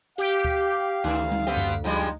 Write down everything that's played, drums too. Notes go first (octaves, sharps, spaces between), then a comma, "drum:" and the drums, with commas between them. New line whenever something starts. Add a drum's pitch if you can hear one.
G4 F5, drum: hi-hat
drum: kick D2
D2 D#3
drum: tom G3
B3 C4 G4
drum: tom F#2
F3 G3 G#3 D#4